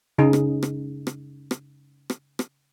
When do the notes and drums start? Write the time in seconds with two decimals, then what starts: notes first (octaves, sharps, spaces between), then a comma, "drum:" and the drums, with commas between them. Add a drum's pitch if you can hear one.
0.18 C#3 D#4 G#4
0.33 drum: rim click
0.63 drum: rim click
1.07 drum: rim click
1.51 drum: rim click
2.10 drum: rim click
2.39 drum: rim click